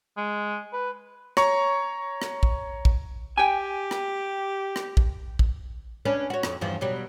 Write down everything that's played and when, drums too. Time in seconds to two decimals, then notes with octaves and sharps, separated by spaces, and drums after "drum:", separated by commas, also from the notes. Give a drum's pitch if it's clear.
0.18 G#3
0.73 B4
1.37 C#5 A#5 C#6, drum: rim click
2.22 drum: rim click
2.43 drum: kick
2.85 drum: kick
3.38 G4 G5 G#5
3.91 drum: rim click
4.76 drum: rim click
4.97 drum: kick
5.39 drum: kick
6.05 C#4 D4 B4
6.30 F#4 C#5
6.43 F2, drum: rim click
6.61 E2 G2 F3
6.81 B2 F#3 G3